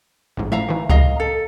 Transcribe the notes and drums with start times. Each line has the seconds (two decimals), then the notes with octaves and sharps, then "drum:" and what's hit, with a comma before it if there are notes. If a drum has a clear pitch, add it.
0.37 A1 G#2
0.52 A2 F3 E5 F5 A#5
0.69 D#3 E3
0.89 C2 D#5 F5 A#5, drum: kick C#2
1.20 A4